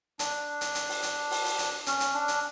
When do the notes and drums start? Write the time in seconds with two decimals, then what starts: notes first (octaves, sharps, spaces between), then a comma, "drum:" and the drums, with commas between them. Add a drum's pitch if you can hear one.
0.19 D4, drum: hi-hat
0.61 drum: hi-hat
0.75 drum: hi-hat
0.89 drum: open hi-hat
1.03 drum: hi-hat
1.31 drum: open hi-hat
1.45 drum: open hi-hat
1.58 drum: hi-hat
1.86 C#4, drum: hi-hat
2.00 drum: hi-hat
2.14 D4
2.28 drum: hi-hat